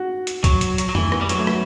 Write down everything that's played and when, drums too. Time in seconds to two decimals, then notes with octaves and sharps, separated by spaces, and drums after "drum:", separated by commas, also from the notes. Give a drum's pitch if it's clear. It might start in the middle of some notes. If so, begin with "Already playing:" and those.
Already playing: F#4
0.27 drum: hi-hat
0.44 F#3, drum: kick C#2, hi-hat
0.61 drum: hi-hat
0.78 drum: hi-hat
0.89 F#3
0.95 E3 A3, drum: tom F2
1.12 B3, drum: rim click
1.21 G3
1.29 F#3 B3, drum: hi-hat
1.38 A3
1.47 B3, drum: rim click